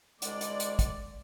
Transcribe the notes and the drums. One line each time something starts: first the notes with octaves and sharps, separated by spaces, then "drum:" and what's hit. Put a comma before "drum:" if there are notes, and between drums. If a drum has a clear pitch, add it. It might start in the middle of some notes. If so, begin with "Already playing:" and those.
C2 D3 G#3 D5, drum: hi-hat
drum: hi-hat
drum: hi-hat
drum: kick, hi-hat